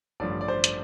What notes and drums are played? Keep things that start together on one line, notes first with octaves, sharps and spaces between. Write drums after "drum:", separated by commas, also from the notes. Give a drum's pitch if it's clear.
A1 G2 D3 F3 D5
D5
C5
drum: hi-hat